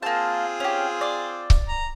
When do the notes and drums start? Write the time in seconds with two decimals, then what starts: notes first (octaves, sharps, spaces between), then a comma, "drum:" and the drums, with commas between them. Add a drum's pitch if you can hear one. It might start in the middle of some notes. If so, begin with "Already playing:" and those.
0.03 A#3 C4 F4 G#4 A5
0.60 C#4 G4
1.01 D5
1.50 drum: kick C#1
1.68 A#5